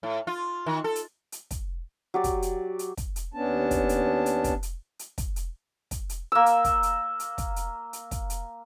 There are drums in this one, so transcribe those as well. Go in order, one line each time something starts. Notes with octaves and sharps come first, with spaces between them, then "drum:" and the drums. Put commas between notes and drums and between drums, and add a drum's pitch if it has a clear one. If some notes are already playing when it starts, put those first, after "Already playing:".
A2
F4
D#3
A4
drum: hi-hat
drum: hi-hat
drum: kick, hi-hat
F#3 G4 D5
drum: kick, hi-hat
drum: hi-hat
drum: hi-hat
drum: kick, hi-hat
drum: hi-hat
D#2 B3 C#4 D4 A5
drum: kick, hi-hat
drum: hi-hat
drum: hi-hat
drum: kick, hi-hat
drum: hi-hat
drum: hi-hat
drum: kick, hi-hat
drum: hi-hat
drum: kick, hi-hat
drum: hi-hat
A#3 E6
drum: hi-hat
drum: kick, hi-hat
drum: hi-hat
drum: hi-hat
drum: kick, hi-hat
drum: hi-hat
drum: hi-hat
drum: kick, hi-hat
drum: hi-hat